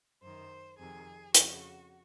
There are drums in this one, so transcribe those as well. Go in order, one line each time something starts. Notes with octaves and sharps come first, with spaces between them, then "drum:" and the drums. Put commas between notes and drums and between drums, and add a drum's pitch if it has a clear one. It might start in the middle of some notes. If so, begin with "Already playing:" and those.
F#2 D#3 C5
F2 C3 D#3 G#4
F2 C#3 F#4, drum: hi-hat